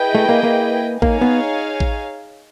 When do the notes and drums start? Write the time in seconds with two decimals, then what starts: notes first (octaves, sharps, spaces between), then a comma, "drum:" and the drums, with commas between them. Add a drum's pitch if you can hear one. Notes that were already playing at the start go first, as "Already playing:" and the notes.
Already playing: E4 G#4 B4 D#5 G5
0.15 A3
0.29 A#3
0.44 A#3
1.02 A#3 D#4 G#4 C#5 F5 G#5, drum: kick A1
1.21 B3
1.80 drum: kick A1